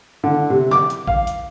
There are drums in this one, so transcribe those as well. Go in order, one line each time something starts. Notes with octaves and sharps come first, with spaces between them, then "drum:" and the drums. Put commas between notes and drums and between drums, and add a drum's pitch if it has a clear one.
D3
C3
D6, drum: snare
drum: hi-hat
F5, drum: kick A#1
drum: hi-hat